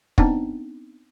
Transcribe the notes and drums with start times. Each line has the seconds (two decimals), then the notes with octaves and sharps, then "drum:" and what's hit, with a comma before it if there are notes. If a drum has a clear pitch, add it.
0.18 B3 C4 D4 D#4, drum: kick